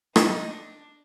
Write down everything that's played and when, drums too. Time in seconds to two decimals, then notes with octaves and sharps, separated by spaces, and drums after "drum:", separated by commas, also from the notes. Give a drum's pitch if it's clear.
0.16 D#4, drum: rim click
0.50 D4